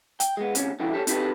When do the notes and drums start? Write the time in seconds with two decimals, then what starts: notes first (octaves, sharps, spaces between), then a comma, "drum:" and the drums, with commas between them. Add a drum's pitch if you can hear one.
0.20 G5, drum: hi-hat
0.37 G#3 B3
0.55 D2 C3 C#4, drum: hi-hat
0.80 F#2 D3 E3 E4 G5
0.93 G4 A4 C#5
1.07 C4 D#4 G4 A4 B4, drum: hi-hat